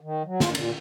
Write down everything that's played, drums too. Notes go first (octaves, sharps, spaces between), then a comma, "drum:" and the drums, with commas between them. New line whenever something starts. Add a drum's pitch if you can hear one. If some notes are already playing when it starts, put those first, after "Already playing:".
D#3
F#3
F4, drum: snare
A#2, drum: cymbal